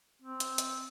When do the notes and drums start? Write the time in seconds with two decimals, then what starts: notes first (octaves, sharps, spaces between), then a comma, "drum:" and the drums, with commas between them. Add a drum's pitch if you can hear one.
0.22 C4
0.40 drum: hi-hat
0.58 drum: hi-hat